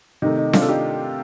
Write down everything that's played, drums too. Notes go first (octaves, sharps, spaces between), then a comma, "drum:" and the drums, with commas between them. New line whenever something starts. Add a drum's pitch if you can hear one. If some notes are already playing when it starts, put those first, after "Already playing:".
C3 D#3 A3 D#4
D#4
D4 F4, drum: snare C4
A4
D#4 G4